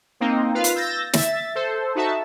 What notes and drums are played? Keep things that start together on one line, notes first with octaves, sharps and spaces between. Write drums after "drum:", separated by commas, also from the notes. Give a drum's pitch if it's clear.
A#3 C4 D#4
F4 B4 F5
drum: hi-hat
E6 G6 A6 A#6
E5 A6, drum: snare
A4 C5
D#4 F#4 E5 A5